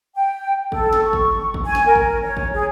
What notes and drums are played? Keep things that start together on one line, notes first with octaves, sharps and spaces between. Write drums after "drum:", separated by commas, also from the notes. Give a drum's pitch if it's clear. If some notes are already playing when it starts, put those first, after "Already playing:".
G5
A4, drum: kick G#1
drum: snare
C#6
drum: kick G#1
drum: kick G#1
G#5
drum: snare
A#4
drum: kick G#1
C#5
drum: kick G#1
G#4